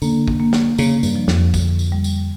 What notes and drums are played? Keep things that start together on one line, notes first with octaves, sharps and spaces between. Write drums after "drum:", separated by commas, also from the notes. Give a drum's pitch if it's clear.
D3 A#3, drum: tambourine
drum: kick
A#3
drum: snare
C#3 A#3, drum: tambourine
G2, drum: tambourine
F3
F2, drum: snare
D3, drum: kick, tambourine
drum: tambourine
G3
drum: tambourine